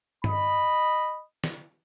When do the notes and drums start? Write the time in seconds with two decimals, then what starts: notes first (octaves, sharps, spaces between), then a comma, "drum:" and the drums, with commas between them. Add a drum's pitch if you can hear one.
0.24 D#5 B5, drum: tom G2
1.44 drum: snare